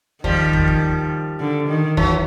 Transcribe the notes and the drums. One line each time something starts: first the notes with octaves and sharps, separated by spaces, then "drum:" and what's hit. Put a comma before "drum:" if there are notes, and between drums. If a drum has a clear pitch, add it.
D#3 F3 G3, drum: kick
drum: kick
drum: kick
D3
D#3
E3 F#3, drum: kick